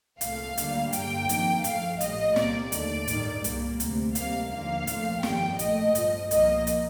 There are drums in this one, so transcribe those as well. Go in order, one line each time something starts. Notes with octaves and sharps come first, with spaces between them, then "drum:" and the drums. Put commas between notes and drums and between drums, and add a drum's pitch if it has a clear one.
C2 A#2 A3 F5, drum: hi-hat
D2 D3 G3 A#3, drum: hi-hat
G2 D3 G3 A#3 G5, drum: hi-hat
F2 D#3 A#3, drum: hi-hat
G2 F3 A3 F5, drum: hi-hat
A#1 A2 G3 D#5, drum: hi-hat
C2 C3 G3 A#3 D5, drum: snare
D#2 D3 A3 D5, drum: hi-hat
A1 G2 D#3 G3, drum: hi-hat
C2 A#2 G3 A#3, drum: hi-hat
D2 C3 G3, drum: hi-hat
D2 C3 G3 A#3 F5, drum: hi-hat
D#2 D3 F3 A#3 F5
C2 A#2 F3 A3, drum: hi-hat
G1 F2 D#3 G3 G5, drum: snare
A#1 A#2 A3 D#5, drum: hi-hat
G1 G2 F3, drum: hi-hat
C2 A#2 F3 A#3 D#5, drum: hi-hat
drum: hi-hat